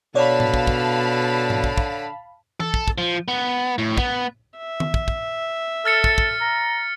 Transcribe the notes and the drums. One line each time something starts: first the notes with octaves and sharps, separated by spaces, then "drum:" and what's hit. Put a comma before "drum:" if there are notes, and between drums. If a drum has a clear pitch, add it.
B2 D3 C#5 D5 F5 A5 B5
drum: tom A2
drum: kick
drum: kick
drum: tom G#2
drum: kick
drum: kick
A4, drum: tom E3
drum: kick
drum: kick
F3
B3
A2
B3, drum: kick
E5
drum: tom D#3
drum: kick
drum: kick
A4 F6 A6 C#7
drum: kick
drum: kick
A#5